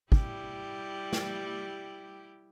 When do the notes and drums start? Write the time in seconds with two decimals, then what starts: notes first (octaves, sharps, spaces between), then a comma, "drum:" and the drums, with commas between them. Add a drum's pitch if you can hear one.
0.12 G3 E4 G4, drum: kick
1.13 drum: snare